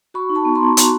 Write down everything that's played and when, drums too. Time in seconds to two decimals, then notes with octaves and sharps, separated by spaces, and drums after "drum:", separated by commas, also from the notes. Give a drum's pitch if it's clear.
0.14 F#4 B5 C#6
0.30 D#4
0.35 A5 B5
0.45 B3
0.55 A#5 C6
0.61 B3
0.77 F#4, drum: hi-hat